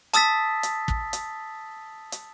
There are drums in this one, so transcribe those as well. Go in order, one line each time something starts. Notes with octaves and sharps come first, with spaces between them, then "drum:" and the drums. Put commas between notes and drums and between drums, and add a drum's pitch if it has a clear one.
A5 D#6 E6 A6 B6, drum: hi-hat
drum: hi-hat
drum: kick
drum: hi-hat
drum: hi-hat